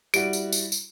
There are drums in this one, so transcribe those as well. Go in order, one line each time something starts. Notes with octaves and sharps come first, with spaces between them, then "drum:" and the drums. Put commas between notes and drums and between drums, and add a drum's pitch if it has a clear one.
G3 E4 F#4 D7, drum: tambourine
drum: tambourine
drum: tambourine
drum: tambourine